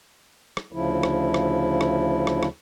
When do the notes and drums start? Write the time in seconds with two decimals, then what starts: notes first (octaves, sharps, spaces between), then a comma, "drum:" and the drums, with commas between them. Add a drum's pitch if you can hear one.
0.57 drum: rim click
0.72 D2 C#3 F3 E4
1.03 drum: rim click
1.34 drum: rim click
1.81 drum: rim click
2.27 drum: rim click
2.43 drum: rim click